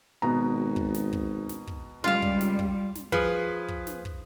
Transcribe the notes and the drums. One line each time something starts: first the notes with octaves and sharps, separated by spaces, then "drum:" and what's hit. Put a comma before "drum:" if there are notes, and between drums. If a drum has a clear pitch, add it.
G#1 B2 B3 A#5
drum: kick
drum: snare
drum: kick
drum: snare
drum: kick
C#2 G3 F4 F5
drum: kick
drum: snare
drum: kick
drum: snare
F3 G#4 B4, drum: kick
drum: kick
drum: snare
drum: kick